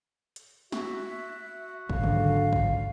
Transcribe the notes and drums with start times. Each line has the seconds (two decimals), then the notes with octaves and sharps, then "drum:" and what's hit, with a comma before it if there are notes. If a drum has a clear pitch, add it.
0.36 drum: hi-hat
0.72 F#4 E5, drum: snare
1.90 G#2 D3 F#3 F5, drum: kick
2.04 drum: tom C3
2.53 drum: kick